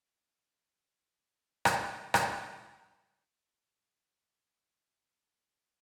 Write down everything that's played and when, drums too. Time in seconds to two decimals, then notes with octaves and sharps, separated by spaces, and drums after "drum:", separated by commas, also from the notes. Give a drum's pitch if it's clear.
0.10 E2 C3 F3 A#3
0.66 E2 C3 F3 A#3
1.22 B2 G#3 C4 F4
1.65 drum: rim click
1.78 B2 G#3 C4 F4
2.14 drum: rim click
2.33 A2 F#3 A3
2.89 A2 F#3 A3
3.45 D3 G3 A#3 C#4 E4
4.01 D3 G3 A#3 C#4 E4
4.57 F2 C#3 E3 G3 B3
5.13 F2 C#3 E3 G3 B3